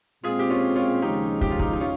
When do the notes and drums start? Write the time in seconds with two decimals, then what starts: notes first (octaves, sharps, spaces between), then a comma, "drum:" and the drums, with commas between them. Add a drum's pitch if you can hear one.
0.23 A#2 G#3 C4 F4 G#4
0.39 G4
0.50 C#4 F4
0.76 C#4 F4
1.02 D#2 C#3 F3 G#3 D#4 G4
1.41 G4, drum: kick
1.50 F4
1.59 D#4 G4, drum: kick
1.73 D#4
1.80 C#4 F4